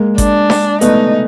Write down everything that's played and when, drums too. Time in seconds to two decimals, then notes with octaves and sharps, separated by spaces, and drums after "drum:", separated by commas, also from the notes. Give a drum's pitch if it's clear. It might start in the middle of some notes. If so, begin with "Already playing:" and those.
Already playing: G#3 A#3
0.18 D4, drum: kick G1, hi-hat
0.50 drum: snare D4
0.81 A3 B3 D#4, drum: hi-hat